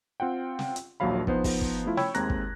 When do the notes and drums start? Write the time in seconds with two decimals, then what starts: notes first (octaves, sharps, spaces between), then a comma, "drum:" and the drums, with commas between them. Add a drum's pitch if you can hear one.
0.20 C4 F4 F#5 G5
0.59 drum: snare
0.76 drum: hi-hat
1.00 A#1 D#2 F3 F#3 F5 B5
1.27 F3 B3 D#4 C5, drum: kick
1.44 drum: kick, open hi-hat
1.61 drum: kick
1.85 F3 A3 E4 F4
1.97 C#5 G5 B5 E6 G#6, drum: snare
2.15 D#2 G#3 C4 A#5 F#6 A#6, drum: hi-hat
2.30 drum: kick